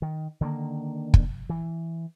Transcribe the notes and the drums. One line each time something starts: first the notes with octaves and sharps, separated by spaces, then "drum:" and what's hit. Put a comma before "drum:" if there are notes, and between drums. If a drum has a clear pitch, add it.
D#3
D3 D#3 G#3 A#3
drum: kick
E3